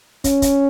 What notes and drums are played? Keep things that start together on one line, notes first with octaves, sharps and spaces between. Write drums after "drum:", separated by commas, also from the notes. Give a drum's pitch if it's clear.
C#4, drum: kick, hi-hat
drum: kick, hi-hat